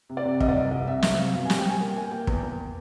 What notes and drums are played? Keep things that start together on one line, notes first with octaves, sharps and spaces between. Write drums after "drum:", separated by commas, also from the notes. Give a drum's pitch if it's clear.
C3
D5
C3
C2 D#5, drum: kick
D5
C2 D#5
C2 D#5
C3 E5
C3 E5, drum: snare
C3 F5
B2 F5
G#5
G3, drum: snare
G5
G3 G#5
A#3 G5
A#3 G#5
A#3 G5
E2, drum: kick
E2